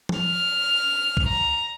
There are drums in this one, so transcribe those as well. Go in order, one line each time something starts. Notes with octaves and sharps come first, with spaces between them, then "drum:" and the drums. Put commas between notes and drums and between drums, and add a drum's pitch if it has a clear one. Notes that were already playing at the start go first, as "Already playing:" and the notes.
drum: tom
F6
drum: kick
A#5